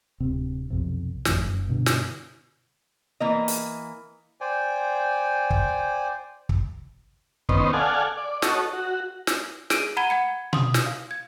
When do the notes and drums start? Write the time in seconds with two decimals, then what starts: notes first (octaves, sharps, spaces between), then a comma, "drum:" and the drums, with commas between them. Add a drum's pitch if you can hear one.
0.20 D1 C3 C4
0.70 B1 F2 C3
1.25 G#1 F2 A2 D#3, drum: snare
1.45 F#1
1.67 G2 B2 D3
1.86 drum: snare
3.20 E3 A#3 D#5
3.48 drum: hi-hat
4.41 C5 D5 G5 G#5
5.50 drum: kick
6.49 drum: kick
7.49 D#3 B3 C#4 C5 D#5, drum: kick
7.73 A4 D5 F5 F#5 G#5
8.17 D5
8.42 F#4 A4 C#5 D#5, drum: snare
8.73 F#4
9.27 drum: snare
9.70 G#4 D7 D#7, drum: snare
9.97 F#5 A#5 B5 G#6 D#7 G7
10.10 F#5 G#6 C#7
10.53 C6 D#6, drum: tom B2
10.74 drum: snare
10.86 F5
11.11 G#6